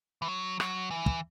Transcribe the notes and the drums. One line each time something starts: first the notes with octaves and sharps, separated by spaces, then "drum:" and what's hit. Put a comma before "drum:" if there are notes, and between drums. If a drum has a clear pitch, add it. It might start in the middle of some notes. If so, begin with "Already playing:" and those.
E3
F#3
F#3, drum: rim click
E3
drum: kick